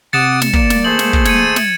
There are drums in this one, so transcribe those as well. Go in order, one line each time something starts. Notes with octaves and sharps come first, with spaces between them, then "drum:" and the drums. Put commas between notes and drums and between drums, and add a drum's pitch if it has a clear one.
C3 F#5 D6 D#6 A6 C#7 E7
drum: snare
A#3 D5, drum: kick
drum: snare
A3 G#4 C5 F#7
drum: snare
drum: kick
G#6 C#7 D#7, drum: snare
drum: snare